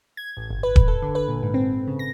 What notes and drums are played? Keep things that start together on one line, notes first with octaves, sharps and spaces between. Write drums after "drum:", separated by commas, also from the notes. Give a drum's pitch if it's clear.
G#6
A1
G1
B4
drum: kick D#1
A4
D3
B4
A#2
G#2
C4
C#3
A#6